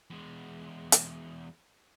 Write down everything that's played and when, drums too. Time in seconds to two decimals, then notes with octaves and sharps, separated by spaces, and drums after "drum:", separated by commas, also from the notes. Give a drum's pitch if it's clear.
0.10 E2 G#3
0.92 drum: hi-hat